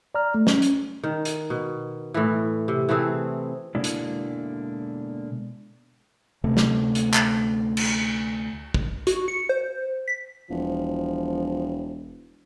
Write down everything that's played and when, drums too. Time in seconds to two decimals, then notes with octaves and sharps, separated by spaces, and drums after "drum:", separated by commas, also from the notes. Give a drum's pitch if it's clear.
0.15 D5 A#5 F6
0.34 A3
0.47 C#4, drum: snare
0.62 drum: hi-hat
1.04 D#3
1.25 drum: hi-hat
1.50 B2
2.14 A2 E3
2.68 C3
2.89 E3 A3 C4 G#4
3.75 B2 D3 G#3 A#3 D4 E4
3.84 drum: hi-hat
6.44 D2 C3 A3
6.57 drum: snare
6.95 drum: hi-hat
7.14 drum: clap
7.77 drum: cymbal
8.74 drum: kick
9.07 F#4, drum: hi-hat
9.28 C#7
9.49 C5
10.08 B6
10.51 E1 F3